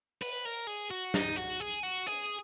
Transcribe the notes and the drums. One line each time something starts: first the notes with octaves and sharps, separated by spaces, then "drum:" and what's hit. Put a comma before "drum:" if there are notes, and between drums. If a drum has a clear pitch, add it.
B4, drum: open hi-hat
A#4
G#4
F#4
D#4, drum: snare
F#4
G#4
F#4
G#4, drum: hi-hat